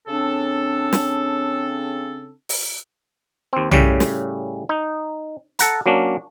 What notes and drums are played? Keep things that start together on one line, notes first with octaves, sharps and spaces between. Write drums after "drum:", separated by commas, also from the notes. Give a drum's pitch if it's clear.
C#3 C4 D4 A4
drum: snare
drum: open hi-hat
D#2 C4
A2 C#3 G3 C#4, drum: tom B1
drum: snare
D#4
A4 F#5 A#5, drum: hi-hat
F#3 A#3 C#4 D4